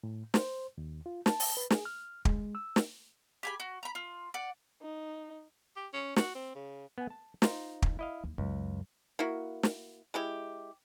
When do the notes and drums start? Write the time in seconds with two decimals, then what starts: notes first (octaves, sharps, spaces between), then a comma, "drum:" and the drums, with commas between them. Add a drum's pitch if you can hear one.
0.03 A2
0.34 C5, drum: snare
0.78 D#2
1.06 F4
1.26 A5, drum: snare
1.40 drum: open hi-hat
1.57 B4
1.70 G#4, drum: snare
1.85 F6
2.25 G#3, drum: kick
2.55 E6
2.76 drum: snare
3.43 G4 G#4 B5
3.60 F#4
3.83 A#5 B5
3.95 F4
4.34 D5 F#5
4.82 D#4
5.76 G4
5.93 C#4
6.16 F#4, drum: snare
6.35 C4
6.55 C#3
6.98 B3 F#5 G#5
7.10 A5
7.42 D#4 F4 C5, drum: snare
7.82 drum: kick
7.99 E4 D#5 F5
8.24 D#2
8.38 C#2 F#2
9.19 A#3 E4 F#4
9.63 drum: snare
10.14 G#3 E4 G4